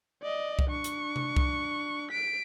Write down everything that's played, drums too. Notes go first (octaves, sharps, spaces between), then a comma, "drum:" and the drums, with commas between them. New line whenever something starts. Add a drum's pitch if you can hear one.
D5 D#5
drum: kick C2
D4 C#6
drum: hi-hat
drum: tom C3
drum: kick C2
B6 D7